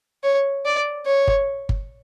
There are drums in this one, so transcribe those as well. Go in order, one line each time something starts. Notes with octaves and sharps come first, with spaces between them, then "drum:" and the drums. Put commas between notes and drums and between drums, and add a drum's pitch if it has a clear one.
C#5
D5
C#5
drum: kick G1
drum: kick G1